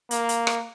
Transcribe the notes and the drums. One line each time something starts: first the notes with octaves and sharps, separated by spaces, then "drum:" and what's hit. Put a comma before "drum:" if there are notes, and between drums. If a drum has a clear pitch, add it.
A#3, drum: hi-hat
drum: hi-hat
drum: rim click